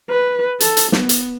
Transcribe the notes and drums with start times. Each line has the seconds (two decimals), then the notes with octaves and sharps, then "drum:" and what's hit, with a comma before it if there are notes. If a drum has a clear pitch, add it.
0.10 B4
0.60 A4, drum: hi-hat
0.77 drum: hi-hat
0.92 B3, drum: snare
1.09 drum: hi-hat